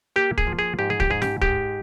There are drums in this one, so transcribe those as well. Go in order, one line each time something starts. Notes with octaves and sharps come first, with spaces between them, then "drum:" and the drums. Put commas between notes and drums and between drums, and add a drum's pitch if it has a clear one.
A#3 G4
G#4, drum: kick
F3
G#4
G#2 G4
G#4
G4, drum: kick
G#2 G#4
G4, drum: snare
G#3 G4, drum: kick